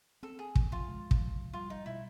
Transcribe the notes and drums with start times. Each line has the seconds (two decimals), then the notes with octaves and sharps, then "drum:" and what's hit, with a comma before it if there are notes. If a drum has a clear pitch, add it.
0.23 C4 A4
0.39 G#4
0.55 F3, drum: kick
0.72 F4
0.88 G#3
1.11 drum: kick
1.21 F3
1.53 G3 F4
1.70 D#4
1.86 B2 E4